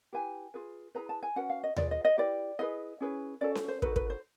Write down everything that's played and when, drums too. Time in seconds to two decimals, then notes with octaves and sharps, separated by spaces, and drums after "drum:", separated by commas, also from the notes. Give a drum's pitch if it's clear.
0.13 E4 G4 B4 G#5
0.54 F4 G#4 B4
0.95 E4 G#4 B4 A#5
1.09 A5
1.23 G#5
1.36 C#4 F#4 B4 F#5
1.50 F5
1.64 D#5
1.76 F4 G#4 B4 D5, drum: tom D#2
1.91 D#5
2.05 D#5
2.18 E4 G4 B4 D5
2.59 E4 G#4 B4 D#5
3.01 C#4 E4 G#4 B4
3.41 C#4 F#4 A4 D5
3.55 C5, drum: snare C#4
3.68 C5
3.82 D#4 F#4 A4 B4, drum: kick
3.96 B4, drum: kick
4.10 C5